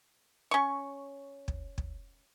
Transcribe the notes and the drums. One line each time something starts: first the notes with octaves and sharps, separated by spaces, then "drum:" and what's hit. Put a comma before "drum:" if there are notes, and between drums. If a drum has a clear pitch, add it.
C#4 C#6
drum: kick
drum: kick